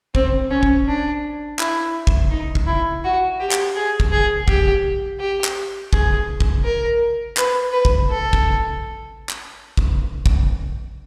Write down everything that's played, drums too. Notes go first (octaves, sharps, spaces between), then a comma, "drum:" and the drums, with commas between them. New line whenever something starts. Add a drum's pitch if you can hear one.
C4, drum: kick
C#4
drum: kick
D4
E4, drum: clap
drum: kick
D#4
drum: kick
E4
F#4
G4
drum: clap
G#4
drum: kick
G#4
G4, drum: kick
G4
drum: clap
G#4, drum: kick
drum: kick
A#4
B4, drum: clap
B4
drum: kick
A4
drum: kick
drum: clap
drum: kick
drum: kick